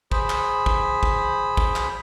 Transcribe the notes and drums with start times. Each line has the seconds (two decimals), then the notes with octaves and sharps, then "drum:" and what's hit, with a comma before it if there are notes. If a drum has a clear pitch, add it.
0.12 G#4 C5 B5, drum: kick
0.30 drum: clap
0.66 drum: kick
1.03 drum: kick
1.57 drum: kick
1.76 drum: clap